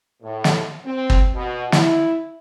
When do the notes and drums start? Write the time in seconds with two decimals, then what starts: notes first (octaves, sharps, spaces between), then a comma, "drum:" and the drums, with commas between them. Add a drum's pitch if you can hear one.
0.22 A2
0.44 drum: snare
0.85 C4
1.10 drum: kick
1.34 B2
1.72 E4, drum: snare